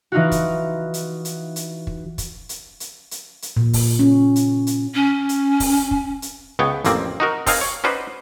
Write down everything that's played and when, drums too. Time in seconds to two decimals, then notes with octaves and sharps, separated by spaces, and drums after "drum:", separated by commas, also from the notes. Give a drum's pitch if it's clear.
0.12 E3 D#4 F4 F#4
0.31 drum: kick, hi-hat
0.94 drum: hi-hat
1.25 drum: hi-hat
1.56 drum: hi-hat
1.87 drum: kick
2.18 drum: kick, hi-hat
2.49 drum: hi-hat
2.80 drum: hi-hat
3.11 drum: hi-hat
3.42 drum: hi-hat
3.57 A#2
3.73 drum: kick, open hi-hat
3.99 C#4
4.36 drum: hi-hat
4.67 drum: hi-hat
4.93 C#4
5.29 drum: hi-hat
5.60 drum: kick, open hi-hat
5.91 drum: kick
6.22 drum: hi-hat
6.59 C#2 B3 C#5 G5
6.85 A1 F2 A#3 C4 D5, drum: hi-hat
7.20 D#4 F#4 A#4
7.47 C4 D#4 A#4 F5 G#5, drum: kick, open hi-hat
7.61 C#5
7.84 C#4 D#4 F#4 B4 C5 D5